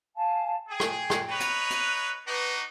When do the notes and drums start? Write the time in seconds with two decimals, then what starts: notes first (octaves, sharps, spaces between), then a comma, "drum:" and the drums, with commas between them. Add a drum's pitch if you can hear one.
0.15 F5 G#5 A5
0.69 G#4 G5
0.80 drum: rim click
1.10 drum: rim click
1.29 D#4 B4 C#5
1.40 drum: hi-hat
1.70 F#6, drum: hi-hat
2.26 D4 D#4 F#4 B4